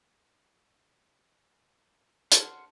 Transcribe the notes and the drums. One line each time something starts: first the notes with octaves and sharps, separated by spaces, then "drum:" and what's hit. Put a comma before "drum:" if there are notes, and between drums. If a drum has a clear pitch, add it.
F#5 A5 C6 F6, drum: hi-hat